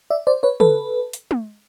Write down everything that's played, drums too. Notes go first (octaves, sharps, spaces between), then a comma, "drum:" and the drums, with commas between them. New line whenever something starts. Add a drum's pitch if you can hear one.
D5 E5
C5 D5
B4 C#5
A4 B4, drum: tom
drum: hi-hat
drum: tom